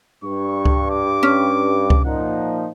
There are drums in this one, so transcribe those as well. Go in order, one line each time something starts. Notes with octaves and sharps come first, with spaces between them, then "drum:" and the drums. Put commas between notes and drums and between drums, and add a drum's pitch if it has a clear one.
G2 C#6
drum: kick C#2
D6
C#4
drum: kick C#2
A#2 F3 D#4 F#5